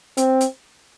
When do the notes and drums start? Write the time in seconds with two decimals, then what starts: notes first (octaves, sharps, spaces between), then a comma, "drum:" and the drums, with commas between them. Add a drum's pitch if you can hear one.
0.17 C4, drum: hi-hat
0.41 drum: hi-hat